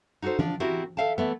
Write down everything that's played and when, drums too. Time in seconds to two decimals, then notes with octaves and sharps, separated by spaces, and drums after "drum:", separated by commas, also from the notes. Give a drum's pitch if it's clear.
0.22 D#4 F#4 G#4 A4 C5
0.39 F3 D4, drum: tom E3
0.60 C4 E4 F#4 G4 A#4
0.97 A4 E5 F5 G5 A5
1.18 E3 A3 B3